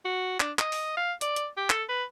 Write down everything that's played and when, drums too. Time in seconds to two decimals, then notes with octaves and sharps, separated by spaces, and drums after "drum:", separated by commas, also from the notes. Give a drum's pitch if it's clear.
0.05 F#4
0.40 D4, drum: clap
0.59 D#5, drum: clap
0.72 drum: open hi-hat
0.97 F5
1.21 D5, drum: hi-hat
1.36 drum: hi-hat
1.57 G4
1.70 A4, drum: clap
1.89 B4